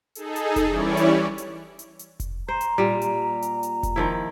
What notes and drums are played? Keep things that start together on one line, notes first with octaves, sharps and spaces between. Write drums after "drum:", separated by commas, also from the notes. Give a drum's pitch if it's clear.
D#4 G#4 A4, drum: hi-hat
drum: hi-hat
drum: kick F1, hi-hat
E3 G3 C#4 E4 C#5 D5
drum: hi-hat
drum: hi-hat
drum: hi-hat
drum: hi-hat
drum: kick F1, hi-hat
C5 A#5
drum: hi-hat
A#2 G3
drum: hi-hat
drum: hi-hat
drum: hi-hat
drum: kick F1, hi-hat
D#3 F3 E4